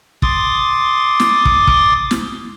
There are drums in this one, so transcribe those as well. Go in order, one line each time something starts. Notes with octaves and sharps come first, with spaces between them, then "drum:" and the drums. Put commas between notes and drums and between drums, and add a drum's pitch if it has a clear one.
C6 D6 D#6 A6, drum: kick
drum: snare
drum: kick
drum: kick
drum: snare